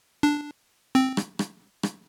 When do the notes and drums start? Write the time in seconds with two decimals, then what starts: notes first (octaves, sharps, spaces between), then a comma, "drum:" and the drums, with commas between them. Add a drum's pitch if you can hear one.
0.23 D4
0.95 C4
1.17 drum: rim click
1.39 drum: rim click
1.83 drum: rim click